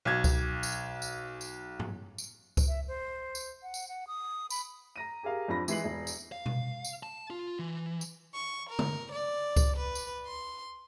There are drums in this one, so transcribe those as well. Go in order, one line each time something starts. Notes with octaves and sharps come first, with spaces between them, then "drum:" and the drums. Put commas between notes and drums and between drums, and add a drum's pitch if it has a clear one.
B1 G#6
drum: kick C#2, tambourine
drum: tambourine
drum: tambourine
drum: tambourine
drum: tom G#2
drum: tambourine
drum: kick C#2, tambourine
E5
C5
drum: tambourine
F#5
drum: tambourine
F#5
D#6
B5, drum: tambourine
A#5 A#6 D#7
G4 G#4 A#4 F5 A#5
F2 D4 F4 B5 A#6
E3 G#3 C7 F#7, drum: tambourine
E1
drum: tambourine
F5
drum: tom B2
drum: tambourine
A5
F4
E3
drum: tambourine
C#6
A#4
drum: tom
D5
drum: kick C#2, tambourine
B4
drum: tambourine
C6